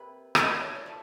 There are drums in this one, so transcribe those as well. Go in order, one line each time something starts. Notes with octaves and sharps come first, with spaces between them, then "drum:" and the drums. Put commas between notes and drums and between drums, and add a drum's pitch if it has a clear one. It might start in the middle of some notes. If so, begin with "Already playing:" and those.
Already playing: C3 A#3 B4
F#3 A3 C#4 E4 D#5, drum: rim click
D5
C#5
D5
F3 A3